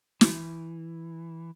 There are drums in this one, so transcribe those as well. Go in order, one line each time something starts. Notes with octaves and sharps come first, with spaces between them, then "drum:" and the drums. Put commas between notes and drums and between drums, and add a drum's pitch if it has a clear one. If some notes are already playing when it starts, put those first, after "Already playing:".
E3, drum: snare